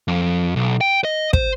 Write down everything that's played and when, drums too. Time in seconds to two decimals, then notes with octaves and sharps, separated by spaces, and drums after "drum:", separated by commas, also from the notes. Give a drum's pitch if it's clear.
0.08 F2
0.56 B1
0.81 G5
1.04 D#5
1.33 C5, drum: kick